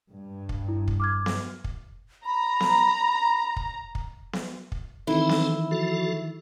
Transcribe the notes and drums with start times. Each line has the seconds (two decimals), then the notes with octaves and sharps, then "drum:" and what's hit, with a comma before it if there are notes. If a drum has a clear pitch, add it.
0.10 G2
0.49 drum: kick
0.68 E4
0.88 drum: kick
1.00 D6 F6 G#6
1.26 drum: snare B3
1.64 drum: kick
2.26 A#5 B5
2.60 drum: snare B3
3.56 drum: kick
3.95 drum: kick
4.33 drum: snare B3
4.72 drum: kick
5.07 D#3 E3 C4 D#4 E4 A4
5.29 drum: snare B3
5.71 F3 F#4 A4